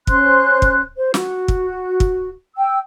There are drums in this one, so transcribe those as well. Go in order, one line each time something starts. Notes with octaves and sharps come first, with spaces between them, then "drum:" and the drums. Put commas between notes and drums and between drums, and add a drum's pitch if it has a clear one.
C#4 C5 C6 F#6, drum: kick
drum: kick
C5
F#4, drum: snare
drum: kick
drum: kick
G5 E6